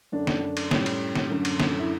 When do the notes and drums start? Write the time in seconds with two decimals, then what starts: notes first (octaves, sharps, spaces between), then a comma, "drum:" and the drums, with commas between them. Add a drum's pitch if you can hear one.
0.12 F#2 D3 A3 D4
0.27 drum: snare
0.57 drum: cymbal
0.71 A2 G3 C#4, drum: snare
0.86 drum: cymbal
1.15 drum: snare
1.30 F#2 D3 F#3 A3
1.45 drum: cymbal
1.60 drum: snare
1.79 E4